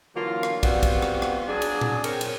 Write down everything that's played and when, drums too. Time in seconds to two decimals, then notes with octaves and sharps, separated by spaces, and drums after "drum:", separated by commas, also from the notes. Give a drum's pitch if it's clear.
0.15 D3 E3 F#3 A#3 F4
0.43 drum: rim click
0.63 G3 B3 C4 F4 F#4 D5, drum: kick, cymbal
0.83 drum: kick, cymbal
1.02 drum: rim click
1.22 drum: rim click
1.48 F#3 D4 G#4
1.62 drum: cymbal
1.81 drum: tom A#2
2.04 C4 A#4 C#5, drum: cymbal
2.21 drum: cymbal